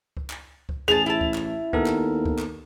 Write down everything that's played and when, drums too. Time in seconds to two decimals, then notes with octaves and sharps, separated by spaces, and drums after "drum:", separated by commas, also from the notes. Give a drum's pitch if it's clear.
0.17 drum: kick C#2
0.30 drum: clap
0.69 drum: kick C#2
0.88 A1 G#4 A5 F7
1.06 E4 A5
1.21 drum: kick C#2
1.34 drum: clap
1.73 D#2 B3 A4 A#4, drum: kick C#2
1.86 drum: clap
2.25 drum: kick C#2
2.38 drum: clap